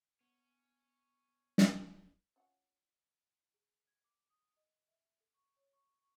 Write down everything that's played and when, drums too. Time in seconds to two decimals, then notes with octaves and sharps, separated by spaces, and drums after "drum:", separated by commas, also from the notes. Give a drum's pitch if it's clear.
0.21 B3 C#4
1.58 drum: snare
2.36 C#4 F4 F#5
3.54 G#4
3.87 G#6
4.04 D6
4.30 D#6
4.57 D#5
4.88 E5
5.20 A4
5.34 C#6
5.57 C#5
5.73 C#6
6.02 C#6